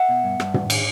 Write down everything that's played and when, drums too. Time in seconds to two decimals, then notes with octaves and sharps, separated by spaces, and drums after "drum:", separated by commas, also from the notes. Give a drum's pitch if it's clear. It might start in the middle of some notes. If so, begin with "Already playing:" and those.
Already playing: E5 F#5
0.09 B2
0.23 G2
0.40 G2, drum: rim click
0.54 D#3, drum: tom
0.70 drum: cymbal